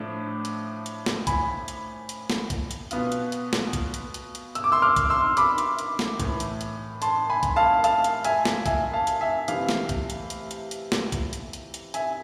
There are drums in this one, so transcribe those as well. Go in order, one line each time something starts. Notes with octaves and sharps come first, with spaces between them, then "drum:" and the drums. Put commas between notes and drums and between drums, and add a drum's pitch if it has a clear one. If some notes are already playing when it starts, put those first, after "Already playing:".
Already playing: A2 F3 A3 D4
drum: hi-hat
drum: hi-hat
drum: snare
G#5 B5, drum: kick, hi-hat
drum: hi-hat
drum: hi-hat
drum: snare
drum: kick, hi-hat
drum: hi-hat
B2 B3 F4, drum: hi-hat
drum: hi-hat
drum: hi-hat
drum: snare
drum: kick, hi-hat
drum: hi-hat
drum: hi-hat
drum: hi-hat
E6, drum: hi-hat
D6
C6 E6
D6 F6
drum: kick, hi-hat
C6 E6
B5 D6, drum: hi-hat
drum: hi-hat
drum: hi-hat
drum: snare
A2 E3 A3, drum: kick, hi-hat
drum: hi-hat
drum: hi-hat
A5 C6, drum: hi-hat
G#5 B5
drum: kick, hi-hat
F5 A5
F5 A5, drum: hi-hat
drum: hi-hat
E5 G#5, drum: hi-hat
drum: snare
E5 G#5, drum: kick, hi-hat
F5 A5
drum: hi-hat
E5 G#5
C3 E3 A3 F5, drum: hi-hat
drum: snare
drum: kick, hi-hat
drum: hi-hat
drum: hi-hat
drum: hi-hat
drum: hi-hat
drum: snare
drum: kick, hi-hat
drum: hi-hat
drum: hi-hat
drum: hi-hat
E5 G#5, drum: hi-hat